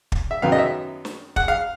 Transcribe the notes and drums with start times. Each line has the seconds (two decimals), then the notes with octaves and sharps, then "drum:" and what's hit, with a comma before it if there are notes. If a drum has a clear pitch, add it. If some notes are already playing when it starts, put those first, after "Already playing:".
0.12 drum: kick
0.31 E5
0.42 F#2 D#3 F#3 B3 F5
0.52 D#5
0.58 E5
1.05 drum: snare
1.36 F#5, drum: kick
1.48 F5